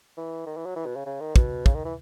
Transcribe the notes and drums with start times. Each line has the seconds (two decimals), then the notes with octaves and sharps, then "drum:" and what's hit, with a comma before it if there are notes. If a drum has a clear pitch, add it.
0.17 E3
0.46 D#3
0.57 E3
0.66 F#3
0.76 E3
0.86 B2
0.96 C#3
1.06 C#3
1.20 D#3
1.36 B2, drum: kick
1.66 C#3, drum: kick
1.75 D#3
1.85 E3